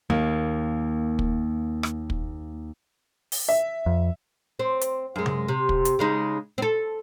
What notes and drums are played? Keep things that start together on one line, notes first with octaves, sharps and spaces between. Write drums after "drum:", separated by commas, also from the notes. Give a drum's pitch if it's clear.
D#2 A#3
drum: kick
drum: rim click
drum: kick
drum: open hi-hat
E5
F2
C4
drum: hi-hat
F#2 G#3
drum: tom C3
C3
drum: kick
drum: hi-hat
C#3 G#3 D#4
C4 A4